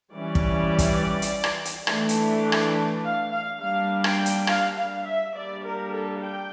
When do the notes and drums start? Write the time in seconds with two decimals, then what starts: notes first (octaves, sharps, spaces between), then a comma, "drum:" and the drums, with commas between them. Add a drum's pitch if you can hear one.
0.13 E3 G3 C#4 D5
0.35 drum: kick
0.79 drum: kick, hi-hat
1.22 drum: hi-hat
1.44 drum: rim click
1.65 drum: hi-hat
1.87 E3 A3 D4, drum: rim click
2.09 drum: hi-hat
2.52 drum: rim click
3.03 F5
3.32 F5
3.60 G3 A#3 D4 F5
4.04 G5, drum: rim click
4.26 drum: hi-hat
4.47 F5, drum: rim click
4.77 F5
5.05 E5
5.34 G3 A#3 D4 D5
5.63 A#4
5.92 A4
6.21 G5